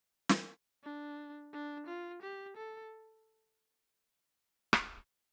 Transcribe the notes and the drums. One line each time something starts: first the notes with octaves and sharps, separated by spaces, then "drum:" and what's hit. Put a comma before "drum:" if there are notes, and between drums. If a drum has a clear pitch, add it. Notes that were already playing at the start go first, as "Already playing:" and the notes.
drum: snare
D4
D4
F4
G4
A4
drum: rim click